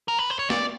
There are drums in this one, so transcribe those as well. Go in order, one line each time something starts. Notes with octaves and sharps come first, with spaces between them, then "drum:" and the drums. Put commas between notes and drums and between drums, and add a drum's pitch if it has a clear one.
A#4
B4
C5
C#5
D5, drum: snare